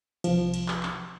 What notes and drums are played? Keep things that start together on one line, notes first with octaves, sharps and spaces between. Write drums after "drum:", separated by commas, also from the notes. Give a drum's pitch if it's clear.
C2 F3, drum: cymbal
drum: cymbal
drum: clap
drum: clap